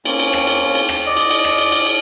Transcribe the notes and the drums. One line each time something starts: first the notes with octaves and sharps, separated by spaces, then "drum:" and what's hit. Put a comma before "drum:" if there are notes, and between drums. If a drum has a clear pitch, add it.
A#3 C4 C#4, drum: cymbal
drum: cymbal
drum: rim click
drum: cymbal
drum: cymbal
drum: rim click
D5 D#5
drum: cymbal
drum: cymbal
drum: rim click
drum: cymbal
drum: cymbal
drum: cymbal